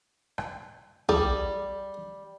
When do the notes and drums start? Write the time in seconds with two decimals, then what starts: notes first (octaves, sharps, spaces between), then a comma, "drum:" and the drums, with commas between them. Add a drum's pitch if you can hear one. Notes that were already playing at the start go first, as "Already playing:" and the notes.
0.38 drum: rim click
1.09 G3 G#4, drum: tom